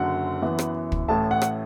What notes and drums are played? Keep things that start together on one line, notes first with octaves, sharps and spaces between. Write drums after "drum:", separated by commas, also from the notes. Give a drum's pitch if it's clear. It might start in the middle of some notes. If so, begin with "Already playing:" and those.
Already playing: F#1 F#2 D3 F#3 F#5
F#2 E3 B3
drum: rim click
drum: kick
A1 A2 A3 A5
F#5
drum: rim click